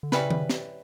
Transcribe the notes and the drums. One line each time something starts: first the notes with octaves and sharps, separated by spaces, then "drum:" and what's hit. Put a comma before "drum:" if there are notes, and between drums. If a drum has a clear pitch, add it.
D3
C#3 G3 C#4 E4 B4, drum: snare
drum: tom D#3
drum: snare